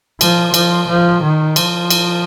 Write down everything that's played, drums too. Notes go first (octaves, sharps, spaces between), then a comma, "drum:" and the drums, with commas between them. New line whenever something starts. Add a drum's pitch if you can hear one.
F3, drum: cymbal
F3, drum: cymbal
F3
D#3
F3, drum: cymbal
drum: cymbal